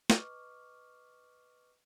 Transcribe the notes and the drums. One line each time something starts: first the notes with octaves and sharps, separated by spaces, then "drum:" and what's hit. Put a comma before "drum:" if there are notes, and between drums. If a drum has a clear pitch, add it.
B4 D#5 C#6 D6 F6, drum: snare